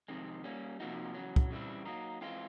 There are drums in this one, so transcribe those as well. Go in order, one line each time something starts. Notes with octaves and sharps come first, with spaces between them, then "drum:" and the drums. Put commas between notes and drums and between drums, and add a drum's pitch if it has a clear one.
F2 C3 D#3 G#3 C4
G3 A#3 C#4
C3 F3 A#3 D#4 F#4
E2 C#3 F#3
drum: kick
C#3 E3 G3 C4 E4
F#3 A#3 D#4
E3 G#3 C4 F4